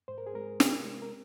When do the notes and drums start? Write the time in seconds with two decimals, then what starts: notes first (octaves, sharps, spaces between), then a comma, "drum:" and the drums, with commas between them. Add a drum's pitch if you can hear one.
0.08 G#2 C5
0.18 A#4
0.27 G#4
0.33 G#3 C4 A#4
0.60 C3, drum: snare
0.84 G#3 C4
1.02 A#4